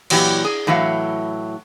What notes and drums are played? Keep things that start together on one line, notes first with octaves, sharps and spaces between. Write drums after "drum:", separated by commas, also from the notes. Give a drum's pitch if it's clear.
A#2 E3 F#3 E4 G4, drum: cymbal
G#4
A2 E3 F#3 E5 F5